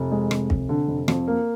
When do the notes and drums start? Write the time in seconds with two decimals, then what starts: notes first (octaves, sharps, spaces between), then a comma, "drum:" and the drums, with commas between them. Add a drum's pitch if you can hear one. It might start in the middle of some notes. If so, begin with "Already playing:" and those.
Already playing: F1
0.12 G#3
0.31 F1, drum: rim click
0.50 F1, drum: kick
0.69 D3
0.88 F1
1.08 F2, drum: rim click
1.28 A#3